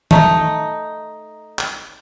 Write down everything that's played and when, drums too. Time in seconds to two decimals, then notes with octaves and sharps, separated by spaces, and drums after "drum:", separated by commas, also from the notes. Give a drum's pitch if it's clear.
0.11 A3 D#4, drum: tom D#3
1.59 drum: clap